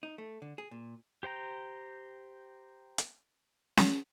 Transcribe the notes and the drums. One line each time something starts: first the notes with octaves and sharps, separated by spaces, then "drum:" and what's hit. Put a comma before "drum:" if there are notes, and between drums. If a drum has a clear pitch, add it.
D#4
A3
D3
G#4
A#2
G4 C5 G5 A#5
drum: hi-hat
drum: snare C#4